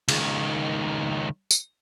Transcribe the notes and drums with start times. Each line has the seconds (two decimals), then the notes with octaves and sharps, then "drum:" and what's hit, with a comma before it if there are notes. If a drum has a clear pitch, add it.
0.09 C#2 D#3, drum: cymbal
1.51 drum: tambourine